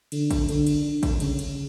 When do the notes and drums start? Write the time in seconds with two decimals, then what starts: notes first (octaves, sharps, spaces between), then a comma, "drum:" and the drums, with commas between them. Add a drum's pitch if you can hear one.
0.12 D3, drum: cymbal
0.31 drum: kick, cymbal
0.49 D3, drum: cymbal
0.67 drum: cymbal
0.85 D3
1.03 drum: kick, cymbal
1.20 C#3, drum: cymbal
1.39 drum: cymbal